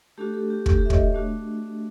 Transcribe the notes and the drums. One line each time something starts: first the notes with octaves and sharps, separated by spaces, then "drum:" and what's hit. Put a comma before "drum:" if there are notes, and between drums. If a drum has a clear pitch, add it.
A3 D4 F#4 G4 A4
G4 A4
G4
G4, drum: kick
G4 A4
E5
C#5 D#5, drum: kick
A3 D4 F#4